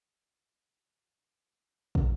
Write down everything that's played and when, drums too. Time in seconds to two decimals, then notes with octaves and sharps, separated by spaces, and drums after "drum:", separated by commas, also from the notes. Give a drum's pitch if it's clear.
0.23 A#2
0.79 G#2
1.33 A#2
1.52 G#2
1.71 F#2
1.95 drum: kick